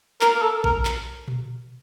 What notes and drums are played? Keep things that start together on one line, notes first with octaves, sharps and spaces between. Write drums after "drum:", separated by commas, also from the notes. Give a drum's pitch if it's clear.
A#4, drum: clap
A#4
A4
A#4, drum: kick A#1
drum: clap
drum: tom A#2